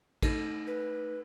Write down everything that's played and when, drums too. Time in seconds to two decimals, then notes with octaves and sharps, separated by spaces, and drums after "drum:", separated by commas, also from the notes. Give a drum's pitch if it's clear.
0.22 A3 D#4 A#6, drum: kick, cymbal
0.67 B4